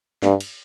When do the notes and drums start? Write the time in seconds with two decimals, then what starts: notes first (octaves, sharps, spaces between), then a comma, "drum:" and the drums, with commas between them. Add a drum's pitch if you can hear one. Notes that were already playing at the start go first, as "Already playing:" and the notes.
0.23 G2, drum: snare
0.40 drum: cymbal